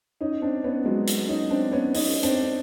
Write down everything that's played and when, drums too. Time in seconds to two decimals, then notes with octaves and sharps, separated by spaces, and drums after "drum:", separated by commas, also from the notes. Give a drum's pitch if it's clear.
0.21 C#4 D#4
0.42 C4 D4
0.64 B3 C#4
0.85 F#3 G#3
1.07 drum: hi-hat
1.28 C#4 D#4
1.50 C4 D4
1.72 B3 C#4
1.94 C#4 D#4, drum: open hi-hat
2.23 C4 D4, drum: hi-hat